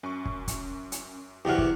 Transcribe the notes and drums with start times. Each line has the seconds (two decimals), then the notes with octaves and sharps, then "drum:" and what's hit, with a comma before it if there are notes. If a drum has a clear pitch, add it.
0.03 F#2 C#4 C#6
0.25 drum: kick
0.48 drum: kick, hi-hat
0.92 drum: hi-hat
1.45 E2 C3 E3 F#4 G4 F#5 D6 F6
1.58 drum: kick